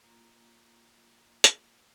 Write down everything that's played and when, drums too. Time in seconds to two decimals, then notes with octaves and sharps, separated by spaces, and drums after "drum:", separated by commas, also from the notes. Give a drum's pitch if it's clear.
0.02 A#3 F4 A#5
1.44 drum: hi-hat